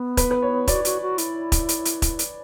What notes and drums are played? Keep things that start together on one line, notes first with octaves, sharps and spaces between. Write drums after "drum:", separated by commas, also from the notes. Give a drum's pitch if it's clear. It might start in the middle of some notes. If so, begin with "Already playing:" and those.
Already playing: B3
B4, drum: kick, hi-hat
B4
C#5
F#4 D5, drum: kick, hi-hat
F#4, drum: hi-hat
F#4
E4, drum: hi-hat
drum: kick, hi-hat
drum: hi-hat
drum: hi-hat
drum: kick, hi-hat
drum: hi-hat